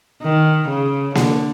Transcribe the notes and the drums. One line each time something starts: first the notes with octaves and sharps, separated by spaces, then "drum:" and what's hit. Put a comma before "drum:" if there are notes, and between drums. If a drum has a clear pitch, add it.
D#3
C#3
D3, drum: snare A#3